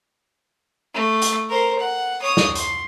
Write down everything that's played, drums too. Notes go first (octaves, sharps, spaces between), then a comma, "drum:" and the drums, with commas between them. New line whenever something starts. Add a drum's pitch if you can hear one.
A3
drum: hi-hat
A#4 C5
F#5
C#5 D#6
drum: snare
C6, drum: hi-hat